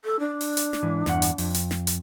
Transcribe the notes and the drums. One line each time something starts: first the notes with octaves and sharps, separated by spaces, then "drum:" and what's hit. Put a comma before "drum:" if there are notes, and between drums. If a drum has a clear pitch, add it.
A4
D4
drum: open hi-hat
drum: hi-hat
drum: snare
G#2 E3
E2 G2 F#5, drum: snare
drum: hi-hat
F2, drum: open hi-hat
drum: hi-hat
drum: snare
drum: hi-hat